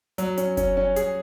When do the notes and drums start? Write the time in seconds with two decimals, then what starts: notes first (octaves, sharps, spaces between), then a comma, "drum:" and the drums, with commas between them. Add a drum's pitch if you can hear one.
0.18 F#3, drum: hi-hat
0.37 C#4, drum: hi-hat
0.57 C#4, drum: kick F#1, hi-hat
0.77 C#4
0.96 G#4, drum: hi-hat